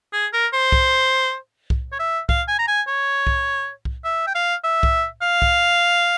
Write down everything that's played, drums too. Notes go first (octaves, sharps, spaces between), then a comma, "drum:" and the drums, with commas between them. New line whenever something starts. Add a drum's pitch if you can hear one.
G#4
A#4
C5
drum: kick C2
drum: kick C2
C#5
E5
F5, drum: kick C2
G#5
A#5
G#5
C#5
drum: kick C2
drum: kick C2
E5
G5
F5
E5
drum: kick C2
F5
drum: kick C2